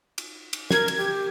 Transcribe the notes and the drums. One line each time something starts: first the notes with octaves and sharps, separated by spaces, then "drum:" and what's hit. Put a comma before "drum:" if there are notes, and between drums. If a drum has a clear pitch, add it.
drum: cymbal
drum: cymbal
A#4 G#6, drum: snare
drum: cymbal
G4